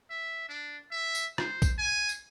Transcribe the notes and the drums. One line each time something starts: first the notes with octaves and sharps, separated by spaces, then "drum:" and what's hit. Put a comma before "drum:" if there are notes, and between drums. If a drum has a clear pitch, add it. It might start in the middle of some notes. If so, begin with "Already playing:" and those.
E5
D4
E5
drum: tambourine
C5, drum: rim click
drum: kick A#1, tambourine
G#5
drum: tambourine